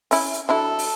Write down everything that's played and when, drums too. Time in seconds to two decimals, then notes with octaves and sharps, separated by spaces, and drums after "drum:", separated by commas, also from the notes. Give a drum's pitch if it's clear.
0.11 C#4 E4, drum: open hi-hat
0.34 drum: hi-hat
0.49 F#3 D4 E4 A4
0.79 drum: open hi-hat